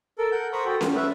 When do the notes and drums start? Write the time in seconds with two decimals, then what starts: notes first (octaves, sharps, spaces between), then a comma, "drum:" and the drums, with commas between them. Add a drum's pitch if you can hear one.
0.18 A4 A#4
0.32 A#4 F#5 G6
0.53 C5 A#5 B5 C#6 D#6
0.65 F#4 A4 G5
0.81 F6, drum: snare C#4
0.96 B4 E5